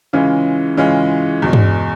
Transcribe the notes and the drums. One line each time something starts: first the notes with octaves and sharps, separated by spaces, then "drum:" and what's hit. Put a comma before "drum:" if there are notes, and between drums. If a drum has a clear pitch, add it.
C#3 E3 G#3 C#4 F4
C#3 E3 G#3 C#4 F4
E2 B2 G#3
drum: tom G2